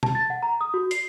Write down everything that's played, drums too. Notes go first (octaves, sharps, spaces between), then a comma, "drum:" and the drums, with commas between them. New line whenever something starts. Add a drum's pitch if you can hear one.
A5, drum: tom
A6
F#5
A#5
D#6
F#4
C7, drum: hi-hat